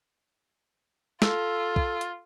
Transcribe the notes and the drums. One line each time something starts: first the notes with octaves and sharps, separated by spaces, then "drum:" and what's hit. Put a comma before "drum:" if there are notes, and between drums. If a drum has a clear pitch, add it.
F4 A4, drum: snare
drum: kick
drum: hi-hat